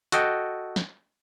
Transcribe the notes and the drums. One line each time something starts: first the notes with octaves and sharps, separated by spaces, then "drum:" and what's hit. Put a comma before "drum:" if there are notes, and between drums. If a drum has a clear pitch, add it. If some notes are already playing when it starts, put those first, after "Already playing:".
F#4 A4 D#5 G5, drum: hi-hat
drum: snare